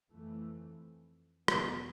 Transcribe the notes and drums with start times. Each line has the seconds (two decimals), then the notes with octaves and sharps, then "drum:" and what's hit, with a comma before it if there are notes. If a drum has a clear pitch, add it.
0.11 F2 E3 A3
1.48 E2 B2 B3, drum: rim click